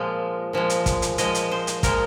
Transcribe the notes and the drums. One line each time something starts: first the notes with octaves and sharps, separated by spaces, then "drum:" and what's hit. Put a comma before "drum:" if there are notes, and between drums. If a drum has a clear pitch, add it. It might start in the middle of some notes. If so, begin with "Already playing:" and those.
Already playing: A#2 F3 G#3
A#2 F3 G#3
drum: hi-hat
drum: kick, hi-hat
drum: hi-hat
A#2 F3 G#3 D#5, drum: hi-hat
drum: hi-hat
C5
drum: hi-hat
A#2 F3 G#3 A#4, drum: kick, hi-hat